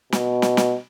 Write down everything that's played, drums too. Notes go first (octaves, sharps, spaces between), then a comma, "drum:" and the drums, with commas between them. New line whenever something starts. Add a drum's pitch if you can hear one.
B2, drum: snare
drum: snare
drum: snare